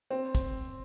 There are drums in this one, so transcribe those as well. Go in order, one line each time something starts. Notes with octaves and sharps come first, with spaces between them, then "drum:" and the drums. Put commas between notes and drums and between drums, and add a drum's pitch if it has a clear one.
C4
drum: kick, hi-hat